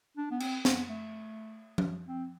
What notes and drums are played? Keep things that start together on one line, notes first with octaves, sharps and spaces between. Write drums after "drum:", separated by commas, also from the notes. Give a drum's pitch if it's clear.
D4
B3
C4, drum: cymbal
B3, drum: snare
A3
drum: tom F3
C4